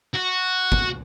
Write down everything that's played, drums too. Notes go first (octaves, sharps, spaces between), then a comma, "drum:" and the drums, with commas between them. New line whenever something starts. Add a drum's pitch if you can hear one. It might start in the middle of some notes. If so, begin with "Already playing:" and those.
F#4
drum: kick